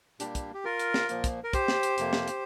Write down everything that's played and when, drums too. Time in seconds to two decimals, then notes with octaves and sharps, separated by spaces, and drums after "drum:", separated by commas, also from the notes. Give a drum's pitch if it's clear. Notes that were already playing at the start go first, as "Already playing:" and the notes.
0.20 A#2 G3 A#3 D4 G4, drum: hi-hat
0.35 drum: kick, hi-hat
0.54 G4
0.65 F4 A#4
0.79 drum: hi-hat
0.94 drum: snare
1.09 A#2 F3 A#3, drum: hi-hat
1.24 drum: kick, hi-hat
1.44 A#4
1.53 G4 C5, drum: kick, hi-hat
1.68 drum: snare
1.83 drum: hi-hat
1.98 F2 C3 A#3, drum: hi-hat
2.13 drum: snare
2.28 drum: hi-hat